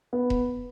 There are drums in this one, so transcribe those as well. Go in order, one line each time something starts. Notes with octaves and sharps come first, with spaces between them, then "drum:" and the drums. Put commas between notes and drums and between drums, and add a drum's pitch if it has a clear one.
B3
drum: kick E1